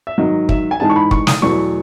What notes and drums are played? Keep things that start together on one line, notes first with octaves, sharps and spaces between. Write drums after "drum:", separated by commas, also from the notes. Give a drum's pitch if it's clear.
E5
G#2 D#3 F#3 D#5
E5, drum: kick
G#5
G#2 E3 G#3 D#4 A5
C#6
B5
C#6, drum: kick
D#6, drum: snare
E2 B2 F#3 A3 E4 C#6